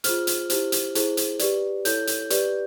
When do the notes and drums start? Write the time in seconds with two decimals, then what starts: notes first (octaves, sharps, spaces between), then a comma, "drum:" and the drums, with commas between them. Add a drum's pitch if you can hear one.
0.04 F4 G#4 C5 F6, drum: hi-hat
0.27 drum: hi-hat
0.50 E4 G4 C5, drum: hi-hat
0.72 drum: hi-hat
0.95 E4 G#4 C5, drum: hi-hat
1.17 drum: hi-hat
1.39 G4 B4 D5, drum: hi-hat
1.85 E4 A4 C#5 G6, drum: hi-hat
2.07 drum: hi-hat
2.30 G4 B4 D5, drum: hi-hat